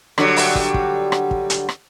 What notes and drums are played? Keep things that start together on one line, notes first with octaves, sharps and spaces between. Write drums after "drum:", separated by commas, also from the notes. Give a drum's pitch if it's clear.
D3 F#3 G3, drum: rim click
drum: open hi-hat
drum: kick
drum: kick
drum: rim click
drum: kick
drum: hi-hat
drum: rim click